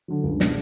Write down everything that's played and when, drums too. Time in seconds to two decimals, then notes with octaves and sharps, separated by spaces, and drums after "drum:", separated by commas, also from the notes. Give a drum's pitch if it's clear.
0.08 D3 F#3
0.24 C#2
0.40 B2 G#3 D4, drum: snare